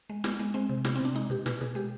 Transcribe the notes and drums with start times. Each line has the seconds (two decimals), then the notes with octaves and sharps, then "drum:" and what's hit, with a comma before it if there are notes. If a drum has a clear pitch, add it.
0.10 G#3
0.24 G#3 B3, drum: snare
0.39 G#3
0.54 G#3 C4
0.69 C3
0.85 C3 B3, drum: snare
0.96 C4
1.00 C3 D4
1.15 G#3 D#4
1.30 B2 G4
1.46 B2 B4, drum: snare
1.61 B2 G#4
1.75 G#3 G4